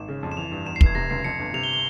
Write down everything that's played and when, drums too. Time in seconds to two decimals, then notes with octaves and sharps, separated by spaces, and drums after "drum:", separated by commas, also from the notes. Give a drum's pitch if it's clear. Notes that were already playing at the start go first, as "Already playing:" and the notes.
Already playing: G#1 E7
0.08 C#3
0.23 F2
0.32 E7
0.37 E3 F7
0.52 G2
0.66 E2 E7
0.76 C7
0.81 F1, drum: kick
0.86 G#6
0.95 C3 A#6
1.10 C#2 C7
1.24 F2 C#7
1.39 G1
1.54 C3 F7
1.63 G7
1.73 G7